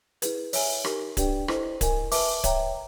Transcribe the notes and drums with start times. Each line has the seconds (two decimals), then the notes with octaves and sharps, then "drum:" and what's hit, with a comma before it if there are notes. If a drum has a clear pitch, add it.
0.22 E4 G#4 B4, drum: hi-hat
0.53 C#5 E5 G#5, drum: open hi-hat
0.84 D#4 G4 A#4, drum: rim click
1.17 D4 G4 B4 D5 G5, drum: kick D1, hi-hat
1.48 E4 A4 C5 D#5, drum: rim click
1.81 A#4 D#5 G#5, drum: kick D1, hi-hat
2.11 B4 E5 A5 D6, drum: open hi-hat
2.44 C#5 E5 G5 A#5, drum: kick D1, hi-hat